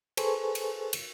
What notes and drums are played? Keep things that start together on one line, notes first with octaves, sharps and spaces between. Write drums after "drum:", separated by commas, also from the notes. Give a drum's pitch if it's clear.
G#4 A4 B4 C5 G#5 C#6, drum: cymbal
drum: cymbal
drum: cymbal